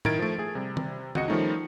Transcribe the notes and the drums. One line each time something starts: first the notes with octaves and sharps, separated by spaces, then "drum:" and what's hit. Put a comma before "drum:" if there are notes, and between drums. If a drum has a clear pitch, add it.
D#3 E4 A#4 G#6 A6 D7, drum: tom A2
F3 A3
A3 G#4
C3 G3
drum: tom
C#2 F#4 D#5 C#7, drum: tom
D#3 F3 G3 A3 C#4 D#4